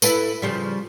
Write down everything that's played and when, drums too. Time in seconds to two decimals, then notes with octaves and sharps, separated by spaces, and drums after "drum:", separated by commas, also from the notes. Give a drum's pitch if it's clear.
0.02 E4 A4 B4, drum: tambourine
0.42 C#3 F3 G3